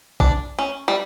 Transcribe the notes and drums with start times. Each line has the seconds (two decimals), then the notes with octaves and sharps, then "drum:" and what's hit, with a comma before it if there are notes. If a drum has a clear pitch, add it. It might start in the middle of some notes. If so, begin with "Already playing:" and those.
0.20 D4, drum: kick
0.59 C#4
0.88 G3